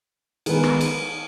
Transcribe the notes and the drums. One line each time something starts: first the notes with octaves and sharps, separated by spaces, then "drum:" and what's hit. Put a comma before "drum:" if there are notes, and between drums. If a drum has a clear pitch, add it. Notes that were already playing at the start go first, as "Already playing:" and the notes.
D#3 G#3 B3, drum: cymbal
drum: rim click
drum: cymbal